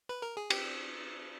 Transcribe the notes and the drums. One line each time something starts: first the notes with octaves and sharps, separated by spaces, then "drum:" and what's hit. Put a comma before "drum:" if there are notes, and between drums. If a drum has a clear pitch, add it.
B4
A#4
G#4
G4, drum: cymbal